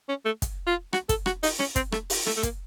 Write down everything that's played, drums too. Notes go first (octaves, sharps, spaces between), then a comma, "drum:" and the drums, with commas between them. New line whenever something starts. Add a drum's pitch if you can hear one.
C#4
A3
drum: kick, hi-hat
F4
F#4, drum: rim click
A4, drum: kick, hi-hat
F#4, drum: rim click
D#4, drum: open hi-hat
C#4, drum: rim click
C4, drum: kick, hi-hat
A3, drum: rim click
drum: open hi-hat
A3, drum: rim click
A3
A#3, drum: kick, hi-hat